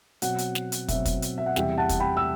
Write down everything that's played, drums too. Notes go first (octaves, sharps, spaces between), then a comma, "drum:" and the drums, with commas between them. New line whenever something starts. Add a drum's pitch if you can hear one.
B2 F#3 C4 F#5, drum: hi-hat
drum: hi-hat
drum: snare
drum: hi-hat
B2 F#3 C4 E5, drum: kick, hi-hat
drum: kick, hi-hat
drum: hi-hat
E5
F#5
E2 C3 G3 E5 G5, drum: snare
F#5 A5
drum: kick, hi-hat
G5 B5
E6